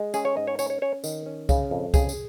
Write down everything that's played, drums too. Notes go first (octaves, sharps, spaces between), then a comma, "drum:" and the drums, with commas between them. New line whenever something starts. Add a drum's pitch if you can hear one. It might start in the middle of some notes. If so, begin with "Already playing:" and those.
Already playing: G#3
C#4 G#4, drum: tambourine
C#5
G#2 D#5
C#5
C#4 C#5, drum: tambourine
C#5
C#4 C#5
D#3, drum: tambourine
C#4
C#3, drum: kick C2, tambourine
F2
C#3 G#4, drum: kick C2, tambourine
drum: tambourine